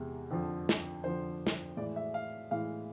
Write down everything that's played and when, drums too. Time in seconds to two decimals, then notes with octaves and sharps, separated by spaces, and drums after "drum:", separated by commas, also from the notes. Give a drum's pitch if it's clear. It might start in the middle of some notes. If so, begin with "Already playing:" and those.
Already playing: E2 C3 G#3
0.30 F2 D3 F3
0.69 drum: snare
1.04 F2 D3 F3 C5
1.47 drum: snare
1.77 A2 E3 G#3 D5
1.96 E5
2.14 F5
2.51 A2 E3 G#3 F5